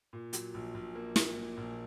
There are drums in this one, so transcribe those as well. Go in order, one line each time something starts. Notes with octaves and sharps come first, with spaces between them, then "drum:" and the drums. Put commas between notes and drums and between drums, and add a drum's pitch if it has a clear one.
A#2
F#3, drum: hi-hat
A#1
A#1
A#3
A#2, drum: snare
A#2
A#1